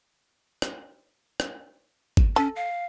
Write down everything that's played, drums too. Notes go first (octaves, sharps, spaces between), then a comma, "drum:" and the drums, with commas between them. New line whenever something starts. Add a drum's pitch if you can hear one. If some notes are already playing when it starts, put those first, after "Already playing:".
drum: rim click
drum: rim click
drum: kick G#1
C#4 A4
F5